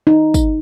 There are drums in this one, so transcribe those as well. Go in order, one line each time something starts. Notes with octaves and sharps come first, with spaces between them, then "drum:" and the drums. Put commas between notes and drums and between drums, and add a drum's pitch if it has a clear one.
D#4
drum: kick, tambourine